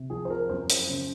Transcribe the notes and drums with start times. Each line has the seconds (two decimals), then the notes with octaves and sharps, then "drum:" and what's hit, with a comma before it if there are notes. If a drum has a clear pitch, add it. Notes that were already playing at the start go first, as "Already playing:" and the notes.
Already playing: C3
0.10 F3 G#4
0.25 C5
0.30 A#4
0.49 F#2 C5
0.70 drum: hi-hat
0.89 C#3